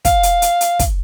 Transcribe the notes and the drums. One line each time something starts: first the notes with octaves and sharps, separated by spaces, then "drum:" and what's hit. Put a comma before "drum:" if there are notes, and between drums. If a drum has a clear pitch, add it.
F5, drum: kick, hi-hat
drum: hi-hat
drum: hi-hat
drum: hi-hat
drum: kick, hi-hat